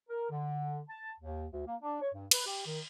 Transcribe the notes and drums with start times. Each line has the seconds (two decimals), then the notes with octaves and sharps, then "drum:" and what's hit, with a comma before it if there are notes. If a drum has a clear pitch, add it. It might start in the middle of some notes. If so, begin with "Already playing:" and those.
0.09 A#4
0.30 D3
0.88 A5
1.19 D#2
1.52 D2
1.66 A#3
1.81 D4
2.01 C#5
2.13 G2
2.31 B4, drum: cymbal
2.46 G4
2.65 D#3